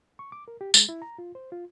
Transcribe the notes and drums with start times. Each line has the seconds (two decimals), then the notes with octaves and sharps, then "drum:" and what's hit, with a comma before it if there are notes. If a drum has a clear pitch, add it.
0.19 C#6
0.32 D6
0.48 A#4
0.61 G4
0.74 G#3, drum: tambourine
0.89 E4
1.02 A#5
1.18 F4
1.35 C5
1.52 F4